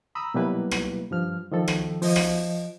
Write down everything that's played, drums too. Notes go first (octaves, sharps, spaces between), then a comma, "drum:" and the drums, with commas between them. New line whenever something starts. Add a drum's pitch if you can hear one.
A#5 B5 D#6 E6
B2 F#3 G3 A#3 E4 B4
drum: rim click
G2 F3 F6
D#3 F3 A4
drum: rim click
F3 D#5, drum: open hi-hat
drum: rim click